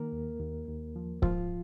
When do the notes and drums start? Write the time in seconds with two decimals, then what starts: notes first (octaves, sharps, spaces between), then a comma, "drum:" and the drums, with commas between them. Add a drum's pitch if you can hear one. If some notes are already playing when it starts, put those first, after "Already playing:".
Already playing: D#3 A#3 A#4
0.13 D#2
0.40 D#2
0.68 D#2
0.96 F3
1.22 G#2 F3 F4, drum: kick C#1